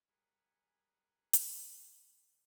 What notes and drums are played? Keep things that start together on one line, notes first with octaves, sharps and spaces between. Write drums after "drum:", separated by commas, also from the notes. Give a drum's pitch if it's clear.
G3 G#4 A#4 F#5 G#5 B5
drum: hi-hat